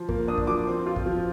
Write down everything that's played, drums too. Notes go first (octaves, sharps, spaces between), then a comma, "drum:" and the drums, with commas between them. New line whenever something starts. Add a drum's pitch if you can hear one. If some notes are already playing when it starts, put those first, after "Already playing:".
Already playing: F3
A#3, drum: kick
D4 D#6
drum: kick
F3 D6
C4
F4
drum: kick
F3